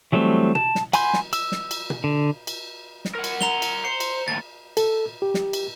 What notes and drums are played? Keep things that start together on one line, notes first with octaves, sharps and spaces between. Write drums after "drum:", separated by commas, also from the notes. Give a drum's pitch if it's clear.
E3 F#3 G3 A3 C4
A5, drum: tom B2
drum: snare
F#5 G#5 B5 C6 G6, drum: cymbal
drum: snare
E6, drum: cymbal
drum: snare
drum: cymbal
drum: tom B2
D3
drum: cymbal
drum: snare
A#4 F#5
drum: cymbal
A#5 F7 G7, drum: snare
drum: cymbal
C5 C#7
drum: cymbal
D#2 A2 A6
A4, drum: cymbal
G4
drum: snare
drum: cymbal